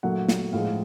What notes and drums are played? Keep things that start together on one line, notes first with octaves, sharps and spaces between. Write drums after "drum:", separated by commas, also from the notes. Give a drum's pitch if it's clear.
A#2 F#3 A3 F#5
drum: snare
A2 F3 G#3 F5